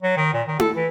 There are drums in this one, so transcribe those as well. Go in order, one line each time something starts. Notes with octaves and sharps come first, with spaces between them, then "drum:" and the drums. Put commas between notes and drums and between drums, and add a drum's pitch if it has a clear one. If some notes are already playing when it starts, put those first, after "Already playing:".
F#3
D#3
A#2
D#3
A4, drum: tom E4
E3